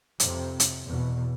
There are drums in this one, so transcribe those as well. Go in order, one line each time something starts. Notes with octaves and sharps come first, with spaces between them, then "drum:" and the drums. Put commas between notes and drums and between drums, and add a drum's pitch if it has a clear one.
F2 C3, drum: hi-hat
drum: hi-hat
E2 B2